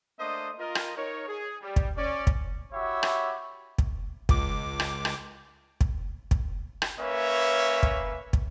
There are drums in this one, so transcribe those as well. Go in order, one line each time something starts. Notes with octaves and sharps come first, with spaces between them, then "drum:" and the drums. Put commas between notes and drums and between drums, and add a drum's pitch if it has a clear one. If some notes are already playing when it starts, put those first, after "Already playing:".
A3 A#3 D4 C5 D#5 D#6
F4 A#4 D#5
drum: rim click
D#4 A#4 C#5
G#4
G3
drum: kick
C#4 D5
drum: kick
E4 F#4 G4 C#5 E5
drum: rim click
drum: kick
C#2 D6, drum: kick
drum: rim click
drum: rim click
drum: kick
drum: kick
drum: rim click
A#3 C#4 B4 C#5 E5
drum: kick
drum: kick